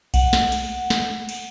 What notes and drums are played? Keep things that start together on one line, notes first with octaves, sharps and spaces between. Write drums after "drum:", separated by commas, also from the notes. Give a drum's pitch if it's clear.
F#5, drum: kick B1, cymbal
drum: snare
drum: cymbal
drum: snare
drum: cymbal